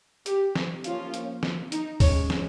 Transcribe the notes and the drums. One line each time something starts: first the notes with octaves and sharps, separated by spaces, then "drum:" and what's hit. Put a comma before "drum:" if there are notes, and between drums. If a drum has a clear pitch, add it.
G4, drum: hi-hat
drum: snare
F3 A#3 C#4 F4, drum: hi-hat
drum: hi-hat
drum: snare
D#4, drum: hi-hat
G#3 C#4 C#5, drum: kick, open hi-hat
drum: snare